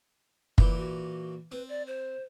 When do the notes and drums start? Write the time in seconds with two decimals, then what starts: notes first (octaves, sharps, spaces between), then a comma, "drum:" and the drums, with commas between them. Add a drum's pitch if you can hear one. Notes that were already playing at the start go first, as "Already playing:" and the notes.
0.58 A#2 E3 G4, drum: kick
0.76 F#4
1.52 C4 B4
1.69 D5
1.87 C5